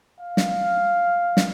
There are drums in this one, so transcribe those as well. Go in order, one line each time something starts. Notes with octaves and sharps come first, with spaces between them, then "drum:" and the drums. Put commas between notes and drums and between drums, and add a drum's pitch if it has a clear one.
F5
drum: snare
drum: snare